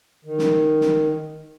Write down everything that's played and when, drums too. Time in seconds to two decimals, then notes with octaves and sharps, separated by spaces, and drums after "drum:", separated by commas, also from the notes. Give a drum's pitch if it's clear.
0.25 D#3
0.38 drum: snare
0.81 drum: snare